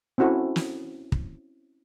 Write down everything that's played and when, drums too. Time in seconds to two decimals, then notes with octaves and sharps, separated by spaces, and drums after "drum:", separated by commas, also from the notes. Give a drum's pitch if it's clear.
0.18 C4 C#4 E4 F#4 A4
0.56 drum: snare
1.12 drum: kick